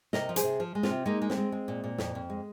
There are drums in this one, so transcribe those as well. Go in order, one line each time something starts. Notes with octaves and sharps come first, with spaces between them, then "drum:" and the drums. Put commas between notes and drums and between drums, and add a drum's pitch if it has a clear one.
C3 A#4 D#5, drum: snare
F3
G#4 C5, drum: hi-hat
C3
F3
G#3
C4 F4, drum: snare
C3
G#3 A#3 D#4
G#3
C4, drum: snare
G#3
G#3
A#2
A#2
F2, drum: snare
F2
G#3